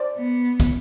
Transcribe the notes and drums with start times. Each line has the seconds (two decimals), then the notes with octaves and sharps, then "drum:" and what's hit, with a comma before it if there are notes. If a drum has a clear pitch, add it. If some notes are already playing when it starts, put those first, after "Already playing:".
Already playing: C5 D5
0.18 B3
0.60 drum: kick, hi-hat